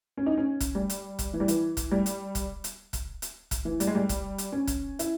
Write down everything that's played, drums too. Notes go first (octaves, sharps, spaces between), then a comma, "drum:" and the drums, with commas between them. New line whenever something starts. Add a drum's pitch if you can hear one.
C#4
D#4
C#4
drum: kick, hi-hat
G3
drum: hi-hat
drum: kick, hi-hat
E3
G3
E3, drum: hi-hat
drum: kick, hi-hat
G3
drum: hi-hat
drum: kick, hi-hat
drum: hi-hat
drum: kick, hi-hat
drum: hi-hat
drum: kick, hi-hat
E3
G3, drum: hi-hat
G#3
G3
drum: kick, hi-hat
drum: hi-hat
C#4
drum: kick, hi-hat
E4, drum: hi-hat